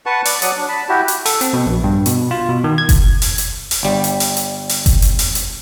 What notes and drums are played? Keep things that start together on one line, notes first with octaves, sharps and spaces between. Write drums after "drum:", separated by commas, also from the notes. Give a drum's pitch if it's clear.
B4 F#5 A5 C#6
D5, drum: open hi-hat
F#3 D5 F#5 D#6, drum: hi-hat
D4
A5 B5
E4 F#4 G4
drum: hi-hat
A4, drum: open hi-hat
C4, drum: hi-hat
B2
A#1
G2
B2, drum: hi-hat
F4
B2
D#3
G#6
drum: kick F#1, hi-hat
drum: open hi-hat
drum: hi-hat
drum: open hi-hat
G1 G3
drum: hi-hat
drum: open hi-hat
drum: hi-hat
drum: open hi-hat
drum: kick F#1, hi-hat
drum: hi-hat
drum: open hi-hat
drum: hi-hat